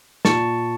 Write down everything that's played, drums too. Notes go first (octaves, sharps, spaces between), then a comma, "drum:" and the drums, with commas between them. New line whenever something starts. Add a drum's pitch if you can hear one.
A#2 A5 C#6, drum: snare